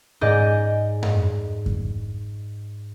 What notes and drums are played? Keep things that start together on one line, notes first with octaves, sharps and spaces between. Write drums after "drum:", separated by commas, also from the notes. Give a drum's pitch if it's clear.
G#2 G#4 D5 D#5 G6
drum: tom F#2
drum: kick F2